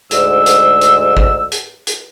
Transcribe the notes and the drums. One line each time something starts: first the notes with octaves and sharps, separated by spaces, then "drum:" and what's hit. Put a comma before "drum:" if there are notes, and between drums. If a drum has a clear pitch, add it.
D2 G#2 E6, drum: hi-hat
drum: hi-hat
drum: hi-hat
drum: kick
drum: hi-hat
drum: hi-hat